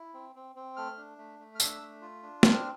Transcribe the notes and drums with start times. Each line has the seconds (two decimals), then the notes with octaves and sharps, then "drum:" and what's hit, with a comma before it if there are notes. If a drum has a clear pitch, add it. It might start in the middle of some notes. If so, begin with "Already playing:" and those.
Already playing: E4
0.14 C4
0.35 C4
0.56 C4
0.77 A3 F6
0.97 D4
1.18 A3
1.39 A3
1.55 F6
1.60 D4 E6, drum: tambourine
1.82 A3
2.01 F4
2.23 D4
2.43 C4 F6, drum: snare